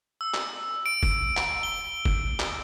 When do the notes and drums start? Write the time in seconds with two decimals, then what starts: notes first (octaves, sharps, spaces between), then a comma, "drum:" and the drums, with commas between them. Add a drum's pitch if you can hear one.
0.21 E6
0.34 drum: clap
0.86 D7
1.03 drum: kick
1.37 drum: clap
1.63 G7
2.05 drum: kick
2.40 drum: clap